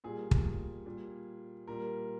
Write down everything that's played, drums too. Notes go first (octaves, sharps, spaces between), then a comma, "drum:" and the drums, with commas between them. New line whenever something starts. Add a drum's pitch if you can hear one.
A#2 G3 G#4
drum: kick
A#2 G3
A#2 G3 A#4